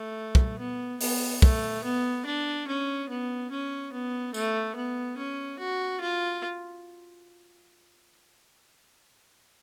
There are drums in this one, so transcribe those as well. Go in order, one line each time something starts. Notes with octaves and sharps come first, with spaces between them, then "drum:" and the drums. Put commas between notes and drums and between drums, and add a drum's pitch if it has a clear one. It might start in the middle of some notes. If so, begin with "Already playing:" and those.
Already playing: A3
drum: kick
B3
B3, drum: open hi-hat
A3, drum: kick
B3
D4
C#4
B3
C#4
B3
A3, drum: tambourine
B3
C#4
F#4
F4